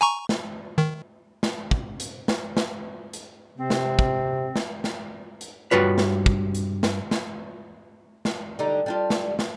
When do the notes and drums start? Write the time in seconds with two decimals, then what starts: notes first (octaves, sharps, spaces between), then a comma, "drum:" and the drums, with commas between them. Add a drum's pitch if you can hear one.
0.01 G#5 A#5 C#6
0.29 drum: snare
0.78 D#3
1.43 drum: snare
1.71 drum: kick
2.00 drum: hi-hat
2.28 drum: snare
2.57 drum: snare
3.13 drum: hi-hat
3.58 C3 C4
3.70 drum: snare
3.99 drum: kick
4.56 drum: snare
4.84 drum: snare
5.41 drum: hi-hat
5.71 G2 F4 F#4 B4 C#5
5.98 drum: snare
6.26 drum: kick
6.55 drum: hi-hat
6.83 drum: snare
7.11 drum: snare
8.25 drum: snare
8.59 D3 G3 D#4
8.86 G3 D4 F4
9.10 drum: snare
9.39 drum: snare